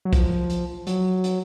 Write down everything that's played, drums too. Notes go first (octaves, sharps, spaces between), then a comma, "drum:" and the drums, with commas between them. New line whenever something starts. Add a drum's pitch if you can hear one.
F#3
F3, drum: kick B1, hi-hat
drum: hi-hat
F#3, drum: hi-hat
drum: hi-hat